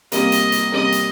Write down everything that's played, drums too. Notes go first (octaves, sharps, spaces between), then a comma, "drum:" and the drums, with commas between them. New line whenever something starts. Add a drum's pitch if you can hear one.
C3 G3 A#3 D#5, drum: hi-hat
drum: hi-hat
drum: hi-hat
C3 G3 A#3 D#5
drum: hi-hat